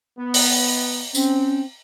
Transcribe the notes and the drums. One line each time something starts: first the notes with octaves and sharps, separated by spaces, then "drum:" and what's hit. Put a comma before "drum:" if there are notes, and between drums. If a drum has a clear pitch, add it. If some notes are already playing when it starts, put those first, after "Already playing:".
B3
drum: open hi-hat
C4 C#4, drum: tambourine